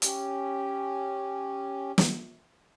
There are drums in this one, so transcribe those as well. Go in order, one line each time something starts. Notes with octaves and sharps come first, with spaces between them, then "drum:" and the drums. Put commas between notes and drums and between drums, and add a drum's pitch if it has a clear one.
C#4 G4, drum: hi-hat
drum: snare